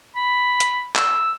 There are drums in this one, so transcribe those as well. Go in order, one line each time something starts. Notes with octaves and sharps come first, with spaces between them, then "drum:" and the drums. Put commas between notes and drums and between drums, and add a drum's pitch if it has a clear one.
B5
drum: hi-hat
E6, drum: clap